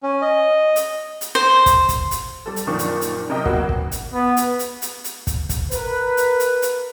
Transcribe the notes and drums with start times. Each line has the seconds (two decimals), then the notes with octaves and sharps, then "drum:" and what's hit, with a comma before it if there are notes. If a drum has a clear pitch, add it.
0.03 C#4
0.22 D#5
0.76 drum: hi-hat
1.21 drum: hi-hat
1.35 C5
1.66 drum: kick, hi-hat
1.89 drum: kick, hi-hat
2.11 drum: hi-hat
2.46 G3 A4
2.56 drum: hi-hat
2.67 F#1 A#2 D#3 F3 D4 C#6
2.79 drum: hi-hat
3.01 drum: hi-hat
3.29 F#2 C3 A#4 D#5 G5
3.46 F#3 A#3 B3 F#4, drum: kick
3.69 drum: kick
3.92 drum: hi-hat
4.14 B3
4.37 drum: hi-hat
4.59 drum: hi-hat
4.82 drum: hi-hat
5.04 drum: hi-hat
5.27 drum: kick, hi-hat
5.49 drum: kick, hi-hat
5.71 A#4 B4, drum: hi-hat
6.17 drum: hi-hat
6.40 drum: hi-hat
6.62 drum: hi-hat